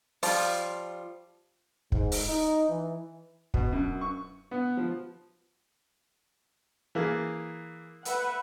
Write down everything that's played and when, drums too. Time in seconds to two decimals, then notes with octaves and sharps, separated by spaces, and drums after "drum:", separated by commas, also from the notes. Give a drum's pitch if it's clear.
0.23 F3 G3 F4, drum: open hi-hat
1.92 G#2, drum: kick
2.12 drum: open hi-hat
2.29 D#4
2.69 E3
3.54 B2, drum: kick
3.73 F#2
4.01 C#6
4.51 B3
4.77 F3
6.95 E3 A#3 G#4
8.05 B4 E5 F#5, drum: hi-hat